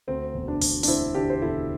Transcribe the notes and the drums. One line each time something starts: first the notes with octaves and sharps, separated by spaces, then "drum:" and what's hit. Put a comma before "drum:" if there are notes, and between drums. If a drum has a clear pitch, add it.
D2 C4
E1
D4
E1, drum: open hi-hat
D4, drum: open hi-hat
D3 C4 E4
D2 D4 G4
C5
E1 E4 A4